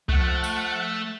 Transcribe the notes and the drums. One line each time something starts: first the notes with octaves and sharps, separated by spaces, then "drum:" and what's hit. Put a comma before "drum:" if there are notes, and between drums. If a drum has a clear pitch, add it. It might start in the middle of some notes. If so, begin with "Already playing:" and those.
F3 A3 F#5, drum: kick C2
drum: tambourine